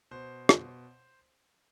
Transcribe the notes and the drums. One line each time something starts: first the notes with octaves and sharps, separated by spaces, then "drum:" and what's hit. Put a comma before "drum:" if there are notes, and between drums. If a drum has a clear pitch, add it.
B2 C5
B2, drum: rim click